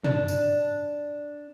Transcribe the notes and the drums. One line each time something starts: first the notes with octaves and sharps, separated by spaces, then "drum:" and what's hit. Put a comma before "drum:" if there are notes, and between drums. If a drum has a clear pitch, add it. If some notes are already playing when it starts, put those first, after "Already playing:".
D4, drum: tom
drum: tambourine